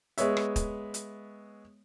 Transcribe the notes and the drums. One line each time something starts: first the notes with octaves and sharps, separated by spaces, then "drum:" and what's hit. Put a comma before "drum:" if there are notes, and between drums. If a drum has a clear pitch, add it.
G#3 B3 C#5 E5, drum: hi-hat
drum: rim click
drum: kick, hi-hat
drum: hi-hat